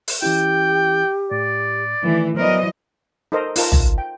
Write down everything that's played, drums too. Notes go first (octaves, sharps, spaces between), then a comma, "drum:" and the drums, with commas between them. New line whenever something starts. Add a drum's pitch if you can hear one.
drum: open hi-hat
E3 C#4 E4 G4 G5
A2 D5
D#3 E3 A3
E3 F#3 B3 A#4 C5 D5 D#5
D#4 A4 A#4 C5 D#5
D#4 F4 A#4 A5, drum: open hi-hat
drum: tom
G5